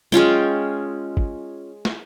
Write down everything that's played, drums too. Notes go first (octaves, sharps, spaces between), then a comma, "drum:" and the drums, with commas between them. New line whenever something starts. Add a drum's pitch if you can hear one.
G#3 C#4 F4 G5, drum: tom F#3
drum: kick
drum: snare